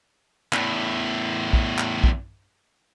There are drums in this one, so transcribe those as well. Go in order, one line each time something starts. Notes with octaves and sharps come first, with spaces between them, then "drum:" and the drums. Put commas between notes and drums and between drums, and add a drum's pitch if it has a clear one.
E2 A2, drum: clap
drum: kick
drum: clap
drum: kick